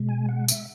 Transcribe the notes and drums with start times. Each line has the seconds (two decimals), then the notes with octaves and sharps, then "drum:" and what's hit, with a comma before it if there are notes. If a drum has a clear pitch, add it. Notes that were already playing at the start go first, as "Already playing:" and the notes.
Already playing: B2 G#3
0.09 G#5
0.29 F#5
0.48 E5, drum: tambourine